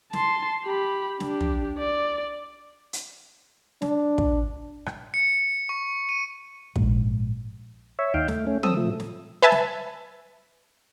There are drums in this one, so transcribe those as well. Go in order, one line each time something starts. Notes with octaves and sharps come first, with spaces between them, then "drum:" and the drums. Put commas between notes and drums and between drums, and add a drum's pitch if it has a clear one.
A5 C6, drum: snare
G4 B5
D4 G4, drum: snare
drum: tom
D5
drum: hi-hat
D4, drum: snare
drum: kick
drum: rim click
C#7
C#6
D#7
A#1 G#2, drum: kick
C#5 E5
D#2 D#4 F5 G5
A3, drum: snare
A3 C#4
C4 A4 D#6 E6, drum: tom
F3 A3
drum: snare
B4 E5 G#5 A5
drum: snare